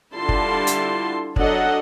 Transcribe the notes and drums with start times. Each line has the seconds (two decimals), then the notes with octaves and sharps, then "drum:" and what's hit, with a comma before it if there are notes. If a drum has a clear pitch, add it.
0.14 D3 G3 E4 F4 A5 C6
0.29 drum: kick
0.67 drum: hi-hat
1.36 F#3 D4 A4 D#5 F#5, drum: kick